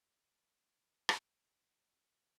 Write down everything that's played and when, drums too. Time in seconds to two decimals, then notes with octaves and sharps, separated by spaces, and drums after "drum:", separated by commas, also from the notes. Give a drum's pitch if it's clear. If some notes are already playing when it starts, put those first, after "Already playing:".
Already playing: C4
0.36 D4
1.09 drum: rim click
1.67 D4